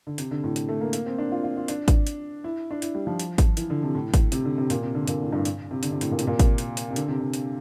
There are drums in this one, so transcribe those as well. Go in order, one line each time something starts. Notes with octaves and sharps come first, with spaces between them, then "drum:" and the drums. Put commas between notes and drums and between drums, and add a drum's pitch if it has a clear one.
D3
C3, drum: hi-hat
D3
A2
drum: hi-hat
A3
A#3
A#3, drum: hi-hat
C4
D4
F4
F4
F4
D4, drum: hi-hat
drum: kick G#1, hi-hat
drum: hi-hat
E4
D4
E4, drum: hi-hat
G3
F3
drum: hi-hat
drum: kick G#1, hi-hat
E3, drum: hi-hat
D3
C3
A2
drum: kick G#1, hi-hat
C3, drum: hi-hat
D3
C3
A#2, drum: hi-hat
C3
D3
A#2, drum: hi-hat
A2
G2
drum: hi-hat
C3
D3, drum: hi-hat
C3
A2, drum: hi-hat
A#2
C3, drum: hi-hat
A#2
drum: kick G#1, hi-hat
drum: hi-hat
drum: hi-hat
C3
D3, drum: hi-hat
C3
D3
drum: hi-hat